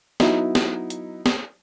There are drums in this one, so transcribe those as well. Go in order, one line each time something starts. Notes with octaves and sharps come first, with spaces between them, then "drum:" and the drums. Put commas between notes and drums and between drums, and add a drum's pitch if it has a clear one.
F#3 B3 D#4 E4 F#4, drum: snare
drum: snare
drum: hi-hat
drum: snare